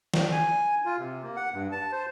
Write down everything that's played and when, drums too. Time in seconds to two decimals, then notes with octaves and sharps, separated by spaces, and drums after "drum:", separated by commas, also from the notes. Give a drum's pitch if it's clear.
0.14 drum: snare
0.32 G#5
0.85 F4
0.99 C3
1.23 A#3
1.36 F#5
1.54 G2
1.72 A5
1.92 C5